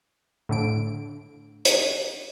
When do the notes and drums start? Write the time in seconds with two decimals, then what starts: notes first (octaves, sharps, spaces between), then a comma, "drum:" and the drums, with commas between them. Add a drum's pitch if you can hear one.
0.49 A2 D3 D7
1.65 drum: hi-hat